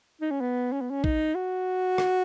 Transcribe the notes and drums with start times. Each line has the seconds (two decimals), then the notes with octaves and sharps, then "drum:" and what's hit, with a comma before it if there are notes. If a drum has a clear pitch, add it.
0.21 D#4
0.31 C#4
0.41 B3
0.73 C#4
0.81 B3
0.91 C#4
1.04 D#4, drum: kick A#1
1.35 F#4
1.98 drum: rim click